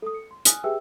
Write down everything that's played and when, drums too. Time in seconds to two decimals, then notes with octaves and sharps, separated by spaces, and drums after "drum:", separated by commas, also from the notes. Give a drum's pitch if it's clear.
0.02 A4 D#6
0.14 C#7
0.31 C6
0.45 G#5 D#6 F6 F#6, drum: hi-hat
0.64 G4 G#4 B4 E5 G5 E6